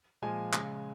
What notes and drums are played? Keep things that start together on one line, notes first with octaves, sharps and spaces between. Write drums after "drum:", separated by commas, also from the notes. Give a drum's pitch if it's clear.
A#2 F3 G#3 G#5
C#3 G#3, drum: clap